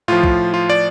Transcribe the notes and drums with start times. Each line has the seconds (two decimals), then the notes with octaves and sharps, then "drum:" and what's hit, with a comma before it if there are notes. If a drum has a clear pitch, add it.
0.08 A2 F3 F4
0.23 drum: kick
0.54 F4
0.70 D5